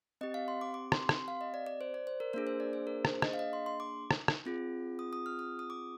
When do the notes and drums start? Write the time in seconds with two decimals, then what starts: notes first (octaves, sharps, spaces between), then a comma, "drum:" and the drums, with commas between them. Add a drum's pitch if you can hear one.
0.21 C4 G4 D#5
0.34 F5
0.48 C6
0.61 D6
0.74 D6
0.92 C6, drum: rim click
1.09 C6, drum: rim click
1.28 F5
1.41 D#5
1.54 D5
1.67 D5
1.81 C5
1.94 D5
2.07 C5
2.20 A#4
2.33 A#3 D4 G#4 A#4
2.47 C5
2.60 D5
2.73 C5
2.87 A#4
3.05 C5, drum: rim click
3.22 D#5, drum: rim click
3.33 F5
3.39 D#5
3.53 C6
3.66 C6
3.80 D6
4.11 drum: rim click
4.28 drum: rim click
4.46 C4 F4 G#4
4.99 D#6
5.13 D#6
5.26 F6
5.39 D#6
5.59 D#6
5.70 D6